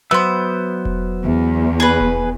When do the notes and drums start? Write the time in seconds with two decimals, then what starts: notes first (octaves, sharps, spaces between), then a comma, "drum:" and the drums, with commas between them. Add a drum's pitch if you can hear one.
0.11 F#3 B3 C5 E5
0.85 drum: kick E1
1.24 E2
1.80 G#4 B4
2.00 drum: kick E1